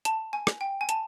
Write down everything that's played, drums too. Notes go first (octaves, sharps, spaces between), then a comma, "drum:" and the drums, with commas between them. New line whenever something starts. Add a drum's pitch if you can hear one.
A5, drum: hi-hat
G#5
drum: rim click
G5
G#5
A5, drum: hi-hat